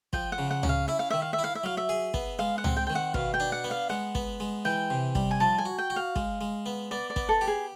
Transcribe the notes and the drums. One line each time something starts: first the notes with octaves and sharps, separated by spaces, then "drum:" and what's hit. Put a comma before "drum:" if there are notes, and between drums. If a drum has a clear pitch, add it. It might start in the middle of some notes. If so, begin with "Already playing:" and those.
F3 G5, drum: kick
F#5
C#3
F#5
C#4, drum: tom C#2
F5
E4 E5
F5
D#3 E5
F5
E5
E4
F5
E5
F#3 F5
E5
G#4
B3, drum: kick
G#3 F5
F#5
C4, drum: tom C#2
G5
D#3 G5
F#5
B2 F5, drum: kick
G5
D4
F#5
B3
F5
G#3 F#5
B3, drum: kick
G#3
E3 G5
C3
G3, drum: kick
G#5
F3 A5
G#5
F#4
G5
F#4
F5
G#3, drum: kick
G#3
B3
B3 D5
D5
B3, drum: kick
A4
G4
G#4